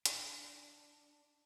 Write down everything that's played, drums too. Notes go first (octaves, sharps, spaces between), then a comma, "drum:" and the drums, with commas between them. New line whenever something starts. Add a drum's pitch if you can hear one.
D4, drum: hi-hat